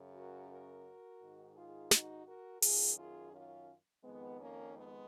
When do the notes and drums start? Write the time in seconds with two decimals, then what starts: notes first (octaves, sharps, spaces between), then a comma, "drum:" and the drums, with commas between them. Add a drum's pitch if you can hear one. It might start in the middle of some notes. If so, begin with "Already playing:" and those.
Already playing: F#2 C#3
0.14 F#4 A#4
0.50 F#4 A#4
1.21 G#2 D#3
1.56 F4 G#4
1.91 D#4 F#4, drum: snare
2.26 F#4 A#4
2.62 F#2 D#3 F4 G#4, drum: open hi-hat
2.98 F4 G#4
3.33 C#4 F4
4.04 F2 D#3 G#3 B3
4.40 A#3 C#4
4.76 G#3 B3